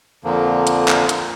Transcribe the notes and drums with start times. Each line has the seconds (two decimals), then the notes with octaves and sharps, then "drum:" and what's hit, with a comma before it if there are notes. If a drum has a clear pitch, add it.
0.24 F2 A#2 D3 F3 A#3
0.67 drum: hi-hat
0.88 drum: clap
1.09 drum: hi-hat